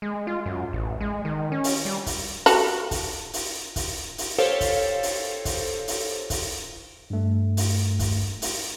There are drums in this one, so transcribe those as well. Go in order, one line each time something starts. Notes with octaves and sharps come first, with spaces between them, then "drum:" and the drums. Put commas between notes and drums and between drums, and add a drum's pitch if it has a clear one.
G#3
F4
F#2
A1
G#3
D#3
C#4
drum: open hi-hat
G3
drum: kick, open hi-hat
F#4 G4 A4, drum: open hi-hat
drum: kick, open hi-hat
drum: open hi-hat
drum: kick, open hi-hat
drum: open hi-hat
G4 A4 C5 C#5 F5
drum: kick, open hi-hat
drum: open hi-hat
drum: kick, open hi-hat
drum: open hi-hat
drum: kick, open hi-hat
G2 A3
drum: open hi-hat
drum: kick, open hi-hat
drum: open hi-hat